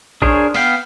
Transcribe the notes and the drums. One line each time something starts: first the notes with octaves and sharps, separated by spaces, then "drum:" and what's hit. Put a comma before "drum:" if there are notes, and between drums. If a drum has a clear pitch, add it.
D4 G#4 A#4 C5 C#5, drum: kick A1
B3 F5 G5, drum: open hi-hat